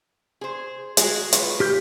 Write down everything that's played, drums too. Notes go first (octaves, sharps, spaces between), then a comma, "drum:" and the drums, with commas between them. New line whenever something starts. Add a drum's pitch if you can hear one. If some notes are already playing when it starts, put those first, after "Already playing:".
G#4 C5
G#3 F#4 G#4, drum: hi-hat
F4 B4 C#5, drum: hi-hat
G4 F6 G6